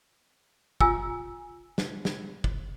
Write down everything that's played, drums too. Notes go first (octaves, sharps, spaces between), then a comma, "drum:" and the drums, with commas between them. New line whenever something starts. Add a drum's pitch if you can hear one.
F4 G#5 E6, drum: kick
drum: snare
drum: snare
drum: kick